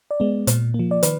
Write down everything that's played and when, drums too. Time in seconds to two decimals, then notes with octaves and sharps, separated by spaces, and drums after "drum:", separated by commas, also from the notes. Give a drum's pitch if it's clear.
0.11 D5
0.20 G#3 B3
0.47 A#2, drum: hi-hat
0.74 A#3
0.79 F3
0.91 D5
1.03 D#3 B4, drum: hi-hat